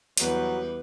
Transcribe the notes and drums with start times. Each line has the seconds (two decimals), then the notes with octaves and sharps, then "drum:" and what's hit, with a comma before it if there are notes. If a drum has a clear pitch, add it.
0.17 E2 F#3 G3 B4, drum: hi-hat